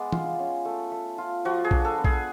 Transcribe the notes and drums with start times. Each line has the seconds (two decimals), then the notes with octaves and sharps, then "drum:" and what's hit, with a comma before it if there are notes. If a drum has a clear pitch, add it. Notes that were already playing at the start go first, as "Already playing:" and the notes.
Already playing: G#3 B3 D5
0.12 F4, drum: tom
0.39 C#4
0.65 A3
0.92 A3
1.18 F4
1.45 F3 F#4
1.64 G#4
1.71 D4, drum: kick A#1
1.85 A4
1.98 B3
2.04 G#4, drum: kick A#1